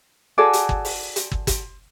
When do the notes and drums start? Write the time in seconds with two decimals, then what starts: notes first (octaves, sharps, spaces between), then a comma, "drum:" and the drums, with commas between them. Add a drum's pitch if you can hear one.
0.38 F#4 G#4 A4 D5
0.53 drum: hi-hat
0.69 drum: kick
0.85 drum: open hi-hat
1.16 drum: hi-hat
1.32 drum: kick
1.47 drum: kick, hi-hat